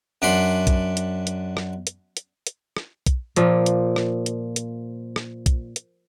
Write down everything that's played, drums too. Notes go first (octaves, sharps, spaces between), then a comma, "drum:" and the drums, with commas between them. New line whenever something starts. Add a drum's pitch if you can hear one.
F#2 D4 D5 F#5 B5 C6
drum: kick, hi-hat
drum: hi-hat
drum: hi-hat
drum: rim click
drum: hi-hat
drum: hi-hat
drum: hi-hat
drum: rim click
drum: kick, hi-hat
A#2 F3 A#3, drum: hi-hat
drum: hi-hat
drum: rim click
drum: hi-hat
drum: hi-hat
drum: rim click
drum: kick, hi-hat
drum: hi-hat